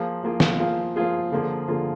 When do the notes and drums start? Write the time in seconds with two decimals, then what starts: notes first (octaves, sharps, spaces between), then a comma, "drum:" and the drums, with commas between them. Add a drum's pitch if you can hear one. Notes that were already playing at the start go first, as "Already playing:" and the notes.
Already playing: F3 A#3 F4 G#4
0.23 F3 A#3 F4 G#4
0.40 drum: snare
0.59 F3 A#3 F4 G#4
0.96 F3 A#3 F4 G#4
1.32 D3 F3 A#3 F4 G#4
1.68 D3 F3 A#3 F4 G#4